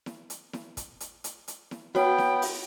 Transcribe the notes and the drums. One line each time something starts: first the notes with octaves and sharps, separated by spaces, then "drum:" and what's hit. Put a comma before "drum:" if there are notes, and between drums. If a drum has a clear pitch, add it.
drum: snare E4
drum: hi-hat
drum: snare E4
drum: kick, hi-hat
drum: hi-hat
drum: hi-hat
drum: hi-hat
drum: snare E4
B3 F#4 C#5 G5, drum: snare E4
drum: snare E4
drum: open hi-hat